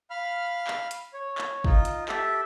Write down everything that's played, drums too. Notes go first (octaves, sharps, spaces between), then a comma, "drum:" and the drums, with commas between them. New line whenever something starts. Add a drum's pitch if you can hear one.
F5 B5 F6
drum: clap
drum: hi-hat
C#5
drum: clap
D#4 F4, drum: kick
drum: hi-hat
G4 A4 E5, drum: clap